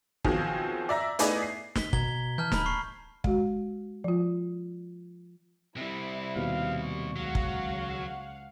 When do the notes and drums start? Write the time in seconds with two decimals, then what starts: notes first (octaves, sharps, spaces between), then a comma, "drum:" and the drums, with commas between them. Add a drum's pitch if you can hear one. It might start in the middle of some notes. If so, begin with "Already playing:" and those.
0.25 B2 D#3 F3 F#3 C4 G#4, drum: kick
0.89 D5 E5 A#5
1.19 A3 B3 D#4 E4 G#4 D5, drum: hi-hat
1.42 C7
1.76 B6 G7, drum: snare
1.93 B2 A#5 G#6 G7, drum: kick
2.38 E3 A5 F6 G6
2.52 D1 A#5 B5, drum: snare
2.66 C#6 C7
3.24 G#3 F#4, drum: kick
4.04 F3 F4
5.77 C3 G3 E4
6.36 D#2 B2 F5
6.83 C#6
7.16 C#2 F#3 F5 F#5
7.35 drum: kick